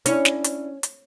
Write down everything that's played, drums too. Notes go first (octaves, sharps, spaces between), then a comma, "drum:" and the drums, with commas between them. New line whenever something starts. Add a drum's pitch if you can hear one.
C#4 D4 E4 C#5, drum: hi-hat
drum: snare
drum: hi-hat
drum: hi-hat